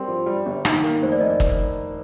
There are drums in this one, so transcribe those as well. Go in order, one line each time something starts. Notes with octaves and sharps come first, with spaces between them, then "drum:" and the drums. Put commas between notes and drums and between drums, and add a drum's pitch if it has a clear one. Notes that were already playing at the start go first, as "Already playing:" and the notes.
Already playing: G3 C4 A#4
F3
G3
G1
D#3, drum: rim click
A#3
F1 C5
D5
F1 D#5
D5
drum: kick